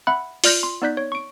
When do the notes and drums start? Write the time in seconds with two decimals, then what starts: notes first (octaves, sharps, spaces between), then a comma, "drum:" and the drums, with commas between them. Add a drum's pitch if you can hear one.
0.07 E5 F#5 B5 F#6
0.44 F4 D5 F6 G6 A#6, drum: open hi-hat
0.63 C6
0.82 B3 D#4 D5 F#6 G6 B6
0.97 C#5
1.12 C#6 D7